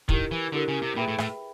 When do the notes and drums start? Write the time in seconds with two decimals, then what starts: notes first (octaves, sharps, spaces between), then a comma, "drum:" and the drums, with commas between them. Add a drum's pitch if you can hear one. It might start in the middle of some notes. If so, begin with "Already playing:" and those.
0.09 D#3 E4 G4 A#4, drum: kick
0.31 E3
0.52 D3 E4 G4 A#4
0.68 C#3
0.82 C3
0.96 A#2 G#4 B4 E5 G5 B5
1.08 A2
1.18 A2, drum: rim click